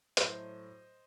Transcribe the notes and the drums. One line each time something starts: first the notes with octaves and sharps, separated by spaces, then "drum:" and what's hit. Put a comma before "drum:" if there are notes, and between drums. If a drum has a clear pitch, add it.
A2 F#3 A3 C5 D#5, drum: hi-hat